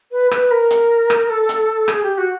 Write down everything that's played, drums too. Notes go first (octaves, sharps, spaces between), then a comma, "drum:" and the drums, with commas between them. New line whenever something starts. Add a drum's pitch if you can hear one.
B4
B4, drum: rim click
A#4
drum: hi-hat
drum: rim click
A4
drum: hi-hat
G#4, drum: rim click
G4
F#4